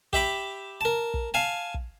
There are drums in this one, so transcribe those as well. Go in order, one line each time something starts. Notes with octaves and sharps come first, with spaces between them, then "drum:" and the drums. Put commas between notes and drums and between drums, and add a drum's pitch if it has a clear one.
G4 E5 B5 D6, drum: kick
A#4 A5
drum: kick
F5 G#5 A5
drum: kick